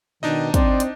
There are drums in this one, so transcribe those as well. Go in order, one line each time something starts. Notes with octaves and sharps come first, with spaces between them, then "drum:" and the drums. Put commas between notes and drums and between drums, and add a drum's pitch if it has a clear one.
B2 D#3 D4 D#4 D#5
C4 C5 D5, drum: kick, hi-hat
drum: hi-hat